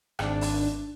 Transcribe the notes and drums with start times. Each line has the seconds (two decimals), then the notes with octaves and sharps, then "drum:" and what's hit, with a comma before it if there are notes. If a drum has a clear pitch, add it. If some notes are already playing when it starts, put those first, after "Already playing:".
0.19 G#1 D4, drum: rim click
0.41 drum: open hi-hat